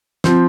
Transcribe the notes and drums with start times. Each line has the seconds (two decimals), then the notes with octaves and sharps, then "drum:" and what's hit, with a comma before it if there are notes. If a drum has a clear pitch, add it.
0.24 F3 C4, drum: snare